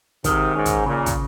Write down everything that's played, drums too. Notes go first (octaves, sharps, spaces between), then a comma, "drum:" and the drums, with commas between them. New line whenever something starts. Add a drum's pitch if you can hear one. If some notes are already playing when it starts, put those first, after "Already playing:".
G#2 C3 D#3, drum: kick, hi-hat
G#2 C#4
drum: kick, hi-hat
A#2 C#3
drum: kick, hi-hat